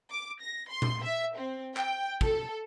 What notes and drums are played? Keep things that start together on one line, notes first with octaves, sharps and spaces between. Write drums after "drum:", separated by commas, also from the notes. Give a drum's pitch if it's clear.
D6
A#6
C6
drum: tom A#2
E5
C4
G5, drum: clap
A4, drum: kick